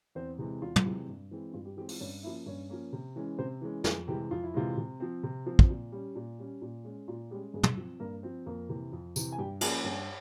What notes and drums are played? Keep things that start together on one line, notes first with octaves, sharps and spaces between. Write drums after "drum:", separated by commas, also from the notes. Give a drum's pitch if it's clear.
E2 C4 C5
C3 E3 G#3 C4
E2 F4
drum: tom
C3 E3 G#3 C4
G2
E3 G#3 C4
G2 F4
G3 G4
E3 G3 G#3 C4 G4
F4, drum: open hi-hat
G2 C#4 C#5
F3 A#3 C#4 E4 E5
G2 C#4 C#5
F3 A#3 C#4
C3
E3 G#3 C#4
C3 C4 C5
E3 G#3 C#4
F2 G#3 G#4, drum: snare
C3 E3 G3 G#3 G4
F2 F4
E4
C3 E3 G#3 F4
C3
F3 C4
C3
F3 C4
drum: kick
A#2
G3 C#4
A#2
G3 C#4
A#2
G#3 C#4
A#2 F4
G3 G#3 C#4 G4
G2 G#3 G#4
drum: tom
F3 C4
G2 A#3 A#4
F3 C4
F2 A#3 A#4
C3 E3
F2
C3 E3, drum: tambourine
G#5
G2 G4 G5
F3 A#3 C#4 G#4 G#5, drum: cymbal
G2